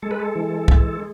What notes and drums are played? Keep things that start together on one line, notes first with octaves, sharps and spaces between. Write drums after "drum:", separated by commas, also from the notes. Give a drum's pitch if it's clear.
G#3 A4
B4
A4
E3
G#3, drum: kick